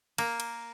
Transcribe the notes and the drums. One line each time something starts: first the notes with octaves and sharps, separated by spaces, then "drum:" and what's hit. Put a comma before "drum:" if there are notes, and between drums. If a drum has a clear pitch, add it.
A#3, drum: cymbal
drum: cymbal